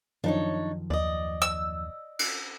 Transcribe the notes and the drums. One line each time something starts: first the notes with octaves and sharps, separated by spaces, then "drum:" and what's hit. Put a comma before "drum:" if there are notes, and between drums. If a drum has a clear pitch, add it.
F#2 D#3 F3 D4 D#4 C#5
D#2 D5 D#5
E6
drum: cymbal